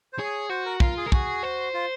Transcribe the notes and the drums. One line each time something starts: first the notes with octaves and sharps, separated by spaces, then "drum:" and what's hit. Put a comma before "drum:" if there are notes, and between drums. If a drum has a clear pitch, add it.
C5
G#4 C#5
F#4 C5
A#4
F4 A#4, drum: kick
G#4
A#4
F#4 G#4, drum: kick
C5
F4